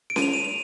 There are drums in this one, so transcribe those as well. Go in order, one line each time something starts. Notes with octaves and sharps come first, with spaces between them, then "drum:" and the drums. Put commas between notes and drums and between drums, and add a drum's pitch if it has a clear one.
D7
D#7, drum: snare C#4
F7
D#7
F7